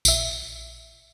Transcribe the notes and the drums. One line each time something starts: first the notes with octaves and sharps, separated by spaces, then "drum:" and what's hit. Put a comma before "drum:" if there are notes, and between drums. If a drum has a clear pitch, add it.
A#1 E5, drum: tambourine